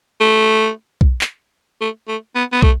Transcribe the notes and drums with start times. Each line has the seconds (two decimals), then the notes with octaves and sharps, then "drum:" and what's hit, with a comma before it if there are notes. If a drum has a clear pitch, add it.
0.20 A3
1.01 drum: kick
1.21 drum: clap
1.81 A3
2.08 A3
2.35 B3
2.52 B3
2.62 A3, drum: kick